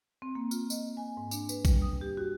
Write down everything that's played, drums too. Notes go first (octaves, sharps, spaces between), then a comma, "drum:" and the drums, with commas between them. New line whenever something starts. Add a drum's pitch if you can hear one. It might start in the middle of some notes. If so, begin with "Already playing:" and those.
C4
A#3
F4, drum: tambourine
D#5, drum: tambourine
G#5
G#2
D4, drum: tambourine
B4, drum: tambourine
G3, drum: kick A#1, tambourine
D#6
G4
F#4